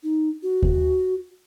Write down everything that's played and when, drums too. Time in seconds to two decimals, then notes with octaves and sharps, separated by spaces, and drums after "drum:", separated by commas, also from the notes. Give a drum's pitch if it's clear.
0.03 D#4
0.43 F#4
0.63 drum: kick D#2